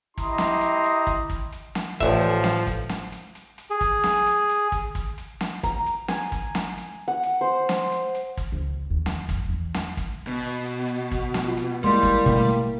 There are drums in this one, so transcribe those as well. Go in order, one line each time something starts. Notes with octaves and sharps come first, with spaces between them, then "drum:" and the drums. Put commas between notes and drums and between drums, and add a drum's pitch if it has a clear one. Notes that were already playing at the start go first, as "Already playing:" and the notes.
E4 G4 D#5 A#5 C6 D#6, drum: kick, hi-hat
drum: snare
drum: hi-hat
drum: hi-hat
drum: kick
drum: kick, hi-hat
drum: hi-hat
drum: snare
A1 A2 F3 D5 E5, drum: kick, hi-hat
drum: hi-hat
drum: snare
drum: kick, hi-hat
drum: snare
drum: hi-hat
drum: hi-hat
drum: hi-hat
G#4
drum: kick, hi-hat
drum: snare
drum: hi-hat
drum: hi-hat
drum: kick, hi-hat
drum: kick, hi-hat
drum: hi-hat
drum: snare
A#5, drum: kick, hi-hat
drum: hi-hat
G#5, drum: snare
drum: kick, hi-hat
drum: snare
drum: hi-hat
F#5
drum: hi-hat
C5
drum: snare
drum: hi-hat
drum: hi-hat
drum: kick, hi-hat
C#2
D#2
drum: snare
F#2, drum: kick, hi-hat
E2
drum: snare
drum: kick, hi-hat
B2
drum: hi-hat
drum: hi-hat
drum: hi-hat
drum: kick, hi-hat
drum: snare
F4
drum: hi-hat
G3 G#3 A#3 E4 C6
drum: kick, hi-hat
B2 A3, drum: kick, hi-hat
drum: hi-hat